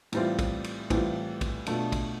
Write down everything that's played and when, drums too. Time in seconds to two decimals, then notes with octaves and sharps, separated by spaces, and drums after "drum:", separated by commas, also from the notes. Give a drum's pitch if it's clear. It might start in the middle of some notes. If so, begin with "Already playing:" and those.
0.12 A2 E3 G3 C4 F4, drum: cymbal
0.39 drum: kick, cymbal
0.64 drum: cymbal
0.90 A2 E3 G3 C4 F4, drum: kick, cymbal
1.41 drum: kick, cymbal
1.66 B2 A3 D4 F4, drum: cymbal
1.92 drum: kick, cymbal